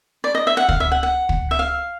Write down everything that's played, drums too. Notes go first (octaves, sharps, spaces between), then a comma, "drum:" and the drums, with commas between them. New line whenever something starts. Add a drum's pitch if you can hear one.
D5
D#5
E5
F#5
F5, drum: kick
E5
F#5
F#5
drum: kick
E5
F5